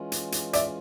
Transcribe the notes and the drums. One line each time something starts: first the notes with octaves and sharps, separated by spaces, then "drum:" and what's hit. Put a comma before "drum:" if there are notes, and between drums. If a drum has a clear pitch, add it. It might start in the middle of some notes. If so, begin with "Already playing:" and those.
Already playing: E3 G#3 C#4 F4
drum: hi-hat
drum: hi-hat
D5 E5, drum: hi-hat